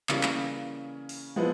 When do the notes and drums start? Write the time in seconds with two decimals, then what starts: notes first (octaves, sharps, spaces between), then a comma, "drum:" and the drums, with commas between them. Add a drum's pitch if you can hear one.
0.09 C#3 E3 G3 A#3 C#4, drum: clap
0.23 drum: clap
1.09 drum: open hi-hat
1.36 F3 G#3 B3 E4